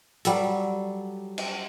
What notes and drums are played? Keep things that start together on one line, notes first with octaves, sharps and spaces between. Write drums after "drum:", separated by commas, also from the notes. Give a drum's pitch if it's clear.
F#3 G3 A4, drum: hi-hat
drum: cymbal